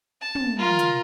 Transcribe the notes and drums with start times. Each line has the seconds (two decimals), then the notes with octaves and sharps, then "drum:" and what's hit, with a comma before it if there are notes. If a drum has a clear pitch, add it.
0.21 A5
0.35 drum: tom
0.59 F4 A#4
0.79 drum: hi-hat